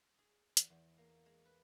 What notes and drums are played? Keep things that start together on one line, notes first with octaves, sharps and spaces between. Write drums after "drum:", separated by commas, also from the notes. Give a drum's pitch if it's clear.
G#4
E2, drum: hi-hat
E2
A#3
G#3
B4